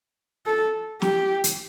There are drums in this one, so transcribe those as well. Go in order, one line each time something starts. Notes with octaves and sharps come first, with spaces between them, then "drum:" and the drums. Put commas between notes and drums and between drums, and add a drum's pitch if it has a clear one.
A4
G4, drum: snare
drum: hi-hat